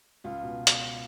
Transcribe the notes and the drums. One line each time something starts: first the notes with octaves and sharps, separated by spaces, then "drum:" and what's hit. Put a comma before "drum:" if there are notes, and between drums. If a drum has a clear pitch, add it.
C#2 F4
B2
drum: hi-hat